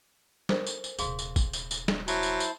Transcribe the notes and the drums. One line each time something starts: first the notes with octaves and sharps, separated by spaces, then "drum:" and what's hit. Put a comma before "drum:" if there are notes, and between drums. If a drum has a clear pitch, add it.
A4 A#4 C5, drum: snare
drum: tambourine
drum: tambourine
D#1 C3 G#4 F5 C6, drum: tambourine
drum: tambourine
drum: kick A1, tambourine
drum: tambourine
drum: tambourine
drum: snare
F#3 E4 C5 A5, drum: tambourine
drum: tambourine
drum: tambourine